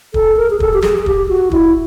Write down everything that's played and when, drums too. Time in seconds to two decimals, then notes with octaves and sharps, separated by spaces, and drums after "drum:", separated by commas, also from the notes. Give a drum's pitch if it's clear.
0.14 A4, drum: kick
0.37 A#4
0.50 G#4
0.60 A4, drum: kick
0.73 G4
0.82 G#4, drum: snare
0.98 G#4
1.06 G4, drum: kick
1.29 F#4
1.51 E4, drum: kick